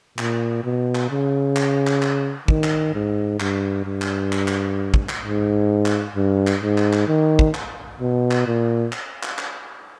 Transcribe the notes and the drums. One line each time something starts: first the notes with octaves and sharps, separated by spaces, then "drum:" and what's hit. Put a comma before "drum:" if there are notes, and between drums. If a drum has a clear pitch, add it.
A#2, drum: clap
B2
drum: clap
C#3
drum: clap
drum: clap
drum: clap
D#3, drum: kick
drum: clap
G#2
G2, drum: clap
G2
drum: clap
drum: clap
drum: clap
drum: kick
drum: clap
G#2
drum: clap
G2
drum: clap
G#2
drum: clap
drum: clap
D#3
drum: kick
drum: clap
B2
drum: clap
A#2
drum: clap
drum: clap
drum: clap